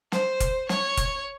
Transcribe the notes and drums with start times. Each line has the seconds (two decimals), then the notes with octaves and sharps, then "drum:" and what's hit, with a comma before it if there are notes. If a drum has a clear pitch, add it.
0.12 C5, drum: snare
0.40 drum: kick F1, hi-hat
0.69 C#5, drum: snare
0.97 drum: kick F1, hi-hat